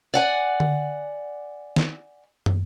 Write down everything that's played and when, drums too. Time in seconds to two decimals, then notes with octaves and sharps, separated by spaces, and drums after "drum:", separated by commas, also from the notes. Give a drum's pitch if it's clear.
0.14 D5 F#5 G#5
0.60 drum: tom D3
1.76 drum: snare
2.46 drum: tom